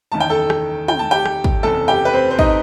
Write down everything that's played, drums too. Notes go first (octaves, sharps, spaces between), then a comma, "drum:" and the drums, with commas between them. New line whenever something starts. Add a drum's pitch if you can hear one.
F#1 E2 D#3 A5
G5
A4 A5
drum: rim click
G5, drum: tom
A5
G4 G5
drum: rim click
drum: kick
F#1 E2 C3 A4 A5
G4 G5
B4
C4 C5
C5
D#4 D#5, drum: kick